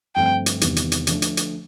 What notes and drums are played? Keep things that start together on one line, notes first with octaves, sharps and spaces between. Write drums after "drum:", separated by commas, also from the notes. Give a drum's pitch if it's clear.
G2 D3 F3 A3 C4 G5
drum: hi-hat
E2 C3 D#3 G3 B3, drum: hi-hat
drum: hi-hat
drum: hi-hat
D3 F3 A3 D4, drum: hi-hat
drum: hi-hat
drum: hi-hat